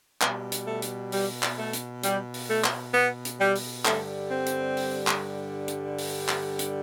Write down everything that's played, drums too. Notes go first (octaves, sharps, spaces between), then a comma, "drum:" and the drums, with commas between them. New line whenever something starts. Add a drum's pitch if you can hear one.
B2 G3, drum: clap
drum: hi-hat
A3
drum: hi-hat
G3, drum: open hi-hat
drum: clap
A3
drum: hi-hat
G3, drum: hi-hat
drum: open hi-hat
A3
drum: clap
B3
drum: hi-hat
G3
drum: open hi-hat
G2 D3 G3 A3, drum: clap
C4
drum: hi-hat
drum: open hi-hat
drum: clap
drum: hi-hat
drum: open hi-hat
drum: clap
drum: hi-hat